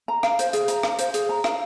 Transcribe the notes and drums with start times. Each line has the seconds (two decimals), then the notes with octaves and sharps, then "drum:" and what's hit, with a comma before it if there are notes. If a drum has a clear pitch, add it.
0.08 A#5
0.23 F5, drum: rim click
0.39 C5, drum: hi-hat
0.53 G#4, drum: hi-hat
0.68 A#5, drum: hi-hat
0.83 F5, drum: rim click
0.99 C5, drum: hi-hat
1.14 G#4, drum: hi-hat
1.29 A#5
1.44 F5, drum: rim click